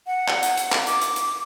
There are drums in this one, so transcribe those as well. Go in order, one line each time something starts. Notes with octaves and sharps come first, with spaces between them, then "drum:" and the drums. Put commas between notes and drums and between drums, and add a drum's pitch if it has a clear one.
F#5
drum: clap
drum: hi-hat
drum: hi-hat
drum: clap
D6, drum: hi-hat
drum: hi-hat
drum: hi-hat